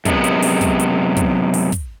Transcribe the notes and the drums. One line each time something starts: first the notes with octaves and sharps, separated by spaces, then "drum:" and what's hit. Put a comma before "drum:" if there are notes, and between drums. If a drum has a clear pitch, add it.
F#2 C3 G#3 B3, drum: kick, hi-hat
drum: hi-hat
drum: open hi-hat
drum: kick, hi-hat
drum: hi-hat
drum: kick, hi-hat
drum: open hi-hat
drum: kick, hi-hat